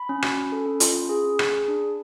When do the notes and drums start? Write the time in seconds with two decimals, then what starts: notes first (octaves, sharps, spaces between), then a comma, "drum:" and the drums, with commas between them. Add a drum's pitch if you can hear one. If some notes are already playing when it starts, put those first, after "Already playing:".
Already playing: B5
0.09 C#4
0.22 F#4, drum: rim click
0.37 C#4
0.52 A4
0.66 C#4
0.80 F4, drum: hi-hat
0.96 C#4
1.09 G#4
1.24 C#4
1.39 G#4, drum: rim click
1.53 G#4
1.68 D4
1.82 D4